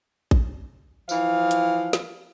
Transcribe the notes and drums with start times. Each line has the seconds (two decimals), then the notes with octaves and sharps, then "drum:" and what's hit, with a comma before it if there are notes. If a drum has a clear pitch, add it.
0.31 drum: kick A#1
1.09 E3 F3 F5, drum: tambourine
1.51 drum: hi-hat
1.93 drum: snare